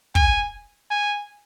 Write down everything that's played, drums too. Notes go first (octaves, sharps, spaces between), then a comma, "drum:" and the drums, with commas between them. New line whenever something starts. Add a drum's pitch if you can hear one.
G#5, drum: kick
G#5